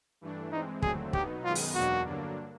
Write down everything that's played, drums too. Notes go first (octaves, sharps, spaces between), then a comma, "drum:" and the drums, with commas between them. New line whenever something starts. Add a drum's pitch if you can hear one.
G2 E3 A3 D4
E3 G#3 C4 D#4
D#2 D3 F#3 A3 C4 G#4, drum: kick
B2 F#3 B3 D#4 G4, drum: kick
F#2 D#3 G#3 B3 D#4 F4
drum: open hi-hat
E2 B2 F#3 A#3 D4 F#4
G2 D3 F#3 A#3 D4